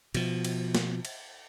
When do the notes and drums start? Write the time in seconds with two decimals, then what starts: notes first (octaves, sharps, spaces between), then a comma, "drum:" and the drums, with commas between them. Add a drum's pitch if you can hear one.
0.14 B2 F3, drum: cymbal
0.45 drum: cymbal
0.75 drum: snare
1.05 drum: cymbal